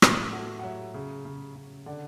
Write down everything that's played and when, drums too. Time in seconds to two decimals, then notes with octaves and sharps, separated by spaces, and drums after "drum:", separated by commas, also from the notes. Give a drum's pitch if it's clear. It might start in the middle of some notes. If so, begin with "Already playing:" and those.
0.02 A2 E4, drum: rim click
0.32 A3 F#4
0.59 F#5
0.64 F#3 C#5 E5
0.94 C#3
1.25 C#3
1.55 C#3
1.86 D3 D5 F#5